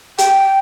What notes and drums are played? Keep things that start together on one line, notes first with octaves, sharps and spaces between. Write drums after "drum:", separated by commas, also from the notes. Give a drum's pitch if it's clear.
G5, drum: hi-hat